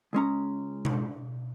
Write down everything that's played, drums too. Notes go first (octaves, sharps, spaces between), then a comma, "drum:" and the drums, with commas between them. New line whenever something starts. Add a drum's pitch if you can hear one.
C#2 G#3 C#4 A#5
drum: tom B2